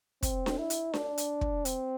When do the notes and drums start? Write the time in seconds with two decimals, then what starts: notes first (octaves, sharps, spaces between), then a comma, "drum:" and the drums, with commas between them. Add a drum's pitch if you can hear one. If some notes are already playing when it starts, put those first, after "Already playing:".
0.23 C4, drum: kick, hi-hat
0.46 drum: snare D4
0.58 E4
0.70 drum: hi-hat
0.94 D4, drum: snare D4
1.18 drum: hi-hat
1.41 drum: kick
1.65 C4, drum: hi-hat